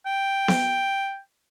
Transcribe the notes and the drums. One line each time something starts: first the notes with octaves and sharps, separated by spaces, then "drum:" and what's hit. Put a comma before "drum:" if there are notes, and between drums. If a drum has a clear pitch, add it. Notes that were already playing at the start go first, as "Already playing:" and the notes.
G5
drum: snare B3